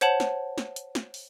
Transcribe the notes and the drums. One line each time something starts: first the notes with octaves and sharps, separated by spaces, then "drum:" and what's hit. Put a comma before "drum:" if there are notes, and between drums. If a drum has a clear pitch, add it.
C5 C#5 F#5 A5 F#7, drum: hi-hat
drum: snare
drum: snare
drum: hi-hat
drum: snare
drum: open hi-hat